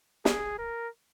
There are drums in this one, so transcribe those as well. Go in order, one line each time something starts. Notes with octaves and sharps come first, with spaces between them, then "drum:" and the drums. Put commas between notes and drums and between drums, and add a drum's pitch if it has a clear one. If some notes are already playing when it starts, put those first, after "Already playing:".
G#4, drum: snare
A#4